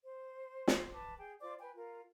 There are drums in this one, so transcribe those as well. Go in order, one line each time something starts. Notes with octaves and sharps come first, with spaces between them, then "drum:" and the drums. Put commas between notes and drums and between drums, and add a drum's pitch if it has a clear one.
C5
drum: snare
B4 A5 D6
G#4 G5
F4 C5 D5 D6
B4 G5 G#5
F4 A#4